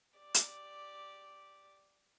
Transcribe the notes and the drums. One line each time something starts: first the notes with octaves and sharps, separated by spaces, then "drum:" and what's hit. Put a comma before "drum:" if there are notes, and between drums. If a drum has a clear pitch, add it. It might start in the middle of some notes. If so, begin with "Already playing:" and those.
G4 D5
drum: hi-hat